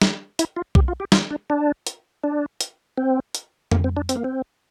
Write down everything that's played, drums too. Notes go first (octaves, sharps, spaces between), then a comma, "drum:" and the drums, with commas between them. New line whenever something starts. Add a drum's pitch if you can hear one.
drum: snare
E4, drum: hi-hat
F4
G4, drum: kick B1
F4
G4
F4, drum: snare
D4
D4
drum: hi-hat
D4
drum: hi-hat
C4
drum: hi-hat
A#3, drum: tom F2
C4
D4
C4, drum: hi-hat
A#3
C4